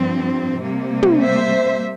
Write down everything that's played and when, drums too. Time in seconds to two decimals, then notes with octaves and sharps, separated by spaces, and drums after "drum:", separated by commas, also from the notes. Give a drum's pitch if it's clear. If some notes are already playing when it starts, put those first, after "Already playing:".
Already playing: G2 F3 C4
0.61 C3 G3 A#3
1.03 drum: tom
1.23 C5 E5